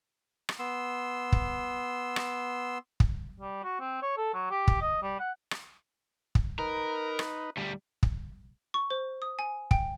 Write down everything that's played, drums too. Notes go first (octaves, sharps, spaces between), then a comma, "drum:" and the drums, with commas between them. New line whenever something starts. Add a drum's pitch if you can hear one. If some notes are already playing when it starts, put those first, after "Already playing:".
drum: rim click
B3 C6 E6
drum: kick
drum: rim click
drum: kick
G3
F#4
C4
C#5
A4
F#3
G4
drum: kick
D#5
G3
F#5
drum: rim click
drum: kick
D#4 A#4 B4
drum: rim click
D2 G3
drum: kick
C#6
C5
D#6
G#5
G5, drum: kick